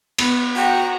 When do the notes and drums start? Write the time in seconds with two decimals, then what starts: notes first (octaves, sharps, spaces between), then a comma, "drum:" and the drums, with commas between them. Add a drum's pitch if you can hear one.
0.18 B3, drum: cymbal
0.56 F#4 G5 A#5